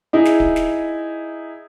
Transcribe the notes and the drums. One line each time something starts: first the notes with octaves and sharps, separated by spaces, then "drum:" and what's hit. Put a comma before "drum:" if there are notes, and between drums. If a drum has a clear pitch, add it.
D#4 E4 G#4 E5
drum: snare
drum: kick D1
drum: snare